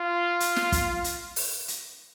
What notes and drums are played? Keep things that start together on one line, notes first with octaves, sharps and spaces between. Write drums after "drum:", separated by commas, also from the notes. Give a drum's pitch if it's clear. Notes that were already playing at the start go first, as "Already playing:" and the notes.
Already playing: F4
drum: hi-hat
drum: snare
drum: kick, hi-hat
drum: hi-hat
drum: open hi-hat
drum: hi-hat